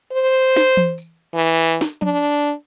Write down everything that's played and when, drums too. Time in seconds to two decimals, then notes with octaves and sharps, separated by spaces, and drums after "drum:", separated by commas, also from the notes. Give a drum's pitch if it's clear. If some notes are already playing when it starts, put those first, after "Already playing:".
0.12 C5
0.56 drum: snare
0.77 drum: tom E3
0.98 drum: tambourine
1.34 E3
1.81 drum: snare
2.02 D4, drum: tom F3
2.23 drum: tambourine